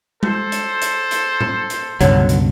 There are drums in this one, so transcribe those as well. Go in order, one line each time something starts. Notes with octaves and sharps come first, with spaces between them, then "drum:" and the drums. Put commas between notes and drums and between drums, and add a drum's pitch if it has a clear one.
A4 C5, drum: tom G#3
drum: hi-hat
drum: hi-hat
drum: hi-hat
drum: tom A#2
drum: hi-hat
C#2 G2 B2 D3 F#3, drum: hi-hat
drum: hi-hat